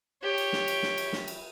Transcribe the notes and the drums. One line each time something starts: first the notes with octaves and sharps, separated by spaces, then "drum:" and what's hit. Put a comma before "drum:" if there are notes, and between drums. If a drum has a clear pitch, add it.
G4 C#5
drum: cymbal
drum: snare
drum: cymbal
drum: snare
drum: cymbal
drum: snare
drum: cymbal